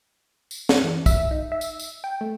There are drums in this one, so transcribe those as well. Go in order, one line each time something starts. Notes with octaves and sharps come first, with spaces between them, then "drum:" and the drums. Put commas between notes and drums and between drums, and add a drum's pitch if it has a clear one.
drum: tambourine
drum: snare
E3
E5, drum: kick, tambourine
D#4
E5
drum: tambourine
drum: tambourine
G5
A3